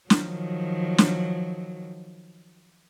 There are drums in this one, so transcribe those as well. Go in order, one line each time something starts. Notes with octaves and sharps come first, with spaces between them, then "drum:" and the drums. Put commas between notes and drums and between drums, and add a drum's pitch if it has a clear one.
D#3 F3 F#3, drum: snare
drum: snare